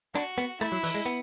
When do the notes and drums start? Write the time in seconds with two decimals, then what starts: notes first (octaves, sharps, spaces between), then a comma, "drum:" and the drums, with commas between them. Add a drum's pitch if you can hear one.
0.15 D4 F#4, drum: rim click
0.38 B3, drum: hi-hat
0.61 A3 E4, drum: rim click
0.72 F#3
0.84 E3, drum: open hi-hat
0.95 G#3
1.06 B3, drum: hi-hat